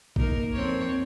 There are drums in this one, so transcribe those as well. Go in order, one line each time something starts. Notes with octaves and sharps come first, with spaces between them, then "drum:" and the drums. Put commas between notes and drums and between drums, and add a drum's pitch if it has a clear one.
A#3 D#4 A#4, drum: kick A1
F2 C4 C#5